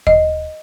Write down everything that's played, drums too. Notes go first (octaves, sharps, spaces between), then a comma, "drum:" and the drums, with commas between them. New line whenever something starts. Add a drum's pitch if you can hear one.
D#5, drum: kick D#2